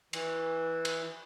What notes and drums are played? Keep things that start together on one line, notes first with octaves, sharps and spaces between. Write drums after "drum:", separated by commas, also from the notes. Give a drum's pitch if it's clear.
E3, drum: cymbal
drum: cymbal